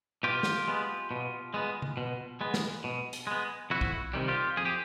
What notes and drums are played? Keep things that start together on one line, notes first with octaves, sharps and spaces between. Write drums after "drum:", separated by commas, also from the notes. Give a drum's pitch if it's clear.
B2 F4 G4
drum: snare
G#3 B3
B2
G#3 B3
drum: tom C#3
B2
G#3 B3
drum: snare
B2
drum: hi-hat
G#3 B3
F2 E4 F#4
drum: kick
C3 D#3 G3
F4 G4
F2 G#4
G4